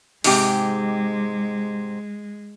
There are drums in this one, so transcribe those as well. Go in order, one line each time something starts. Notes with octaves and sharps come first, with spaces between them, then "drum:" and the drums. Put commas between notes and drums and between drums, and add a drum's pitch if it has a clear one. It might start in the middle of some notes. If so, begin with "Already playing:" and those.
G#2 C3 G#3 G4, drum: open hi-hat